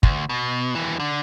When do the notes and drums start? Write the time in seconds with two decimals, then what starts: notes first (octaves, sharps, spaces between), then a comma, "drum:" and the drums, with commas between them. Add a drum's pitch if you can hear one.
0.03 D2, drum: kick
0.29 B2
0.75 D#2 E3
1.00 D3